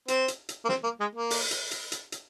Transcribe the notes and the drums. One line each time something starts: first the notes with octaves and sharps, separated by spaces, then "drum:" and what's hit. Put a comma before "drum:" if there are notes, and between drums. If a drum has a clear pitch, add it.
C4, drum: hi-hat
drum: hi-hat
drum: hi-hat
A#3
C4, drum: snare
A#3
G#3
A#3
drum: open hi-hat
drum: hi-hat
drum: hi-hat
drum: hi-hat
drum: hi-hat